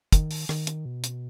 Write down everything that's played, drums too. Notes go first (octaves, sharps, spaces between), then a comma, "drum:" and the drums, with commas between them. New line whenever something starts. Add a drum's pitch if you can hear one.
D#3, drum: kick, hi-hat
drum: open hi-hat
D#3, drum: rim click
drum: hi-hat
B2
drum: hi-hat